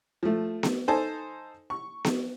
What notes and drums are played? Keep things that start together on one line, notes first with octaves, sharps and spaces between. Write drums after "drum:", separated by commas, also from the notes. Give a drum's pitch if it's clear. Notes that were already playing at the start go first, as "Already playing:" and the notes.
F3 A3
drum: snare B3
D#4 A4 C5 G#5 A5
C#6
drum: snare B3